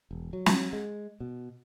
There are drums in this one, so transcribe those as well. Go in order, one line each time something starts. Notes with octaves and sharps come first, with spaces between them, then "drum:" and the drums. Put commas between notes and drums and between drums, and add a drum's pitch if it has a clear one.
E1
F#3
drum: snare
G#3
B2